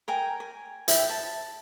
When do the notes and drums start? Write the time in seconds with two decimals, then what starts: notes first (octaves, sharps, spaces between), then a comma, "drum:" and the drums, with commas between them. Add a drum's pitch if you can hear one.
0.08 A#4 G5 G#5
0.40 G#5
0.88 E4 G5, drum: hi-hat
1.09 A5